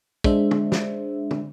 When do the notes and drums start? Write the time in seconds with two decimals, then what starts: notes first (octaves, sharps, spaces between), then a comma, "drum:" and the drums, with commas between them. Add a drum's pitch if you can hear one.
0.24 G#3 D4 C5 E5, drum: kick
0.51 drum: tom
0.72 drum: snare
1.31 drum: tom